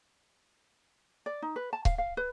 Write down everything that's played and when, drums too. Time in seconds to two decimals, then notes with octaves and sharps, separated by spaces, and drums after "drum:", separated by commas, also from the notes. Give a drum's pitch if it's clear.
1.26 D5
1.42 D#4
1.56 B4
1.73 A5
1.85 F5, drum: kick C#1
1.98 F5
2.17 B4